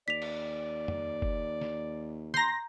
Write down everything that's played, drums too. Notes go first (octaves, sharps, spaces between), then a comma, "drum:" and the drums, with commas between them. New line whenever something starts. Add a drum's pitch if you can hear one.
D#2 D5 B6 F7
drum: cymbal
drum: tom
drum: kick F#1
drum: snare
A#5 C6 G6 A#6, drum: snare